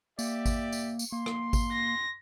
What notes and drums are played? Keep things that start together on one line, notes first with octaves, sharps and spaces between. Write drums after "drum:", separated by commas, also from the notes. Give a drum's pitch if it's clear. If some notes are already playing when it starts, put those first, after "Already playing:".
A#3 G4 D5 E5, drum: tambourine
drum: kick G#1, tambourine
drum: tambourine
drum: tambourine
A#3 C6
drum: rim click
drum: kick G#1, tambourine
A#6